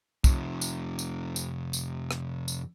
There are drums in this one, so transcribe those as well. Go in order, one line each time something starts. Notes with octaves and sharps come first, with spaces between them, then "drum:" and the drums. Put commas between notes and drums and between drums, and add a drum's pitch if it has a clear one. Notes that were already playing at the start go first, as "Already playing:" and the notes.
F2 C3, drum: kick, tambourine
drum: tambourine
drum: tambourine
drum: tambourine
drum: tambourine
drum: rim click
drum: tambourine